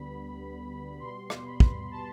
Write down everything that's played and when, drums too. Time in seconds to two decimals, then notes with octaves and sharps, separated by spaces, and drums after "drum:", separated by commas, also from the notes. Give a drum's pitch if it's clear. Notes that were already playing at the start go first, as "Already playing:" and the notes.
Already playing: D2 D3 G3 B3 B5
0.99 B2 G3 B3 C6
1.30 drum: rim click
1.46 B5
1.60 drum: kick
1.91 A5